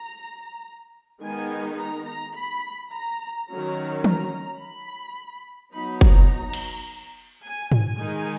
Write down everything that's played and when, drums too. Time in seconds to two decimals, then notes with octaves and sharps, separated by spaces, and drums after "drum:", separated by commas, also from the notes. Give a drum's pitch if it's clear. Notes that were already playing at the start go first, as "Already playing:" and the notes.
Already playing: A#5
1.22 D#3 G#3 B3 D#4 G#5
1.79 A#5
2.06 A#5
2.35 B5
2.92 A#5
3.48 D#3 F#3 C#4 A#5
4.04 A#5, drum: tom
4.61 B5
5.73 F#3 B3 D#4 B5
6.01 A#5, drum: kick
6.53 drum: cymbal
7.43 G#5
7.72 G#5, drum: tom
7.99 D#3 G#3 D#4